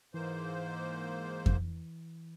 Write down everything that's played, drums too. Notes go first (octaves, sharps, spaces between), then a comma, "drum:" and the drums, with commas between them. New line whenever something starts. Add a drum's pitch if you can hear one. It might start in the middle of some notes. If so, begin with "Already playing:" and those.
G#2 E3 A#3 C5
drum: kick F2